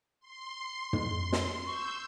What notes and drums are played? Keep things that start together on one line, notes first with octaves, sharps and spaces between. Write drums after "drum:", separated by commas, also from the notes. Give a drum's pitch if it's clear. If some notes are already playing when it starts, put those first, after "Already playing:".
C6
drum: tom
drum: snare
C#6 E6 G6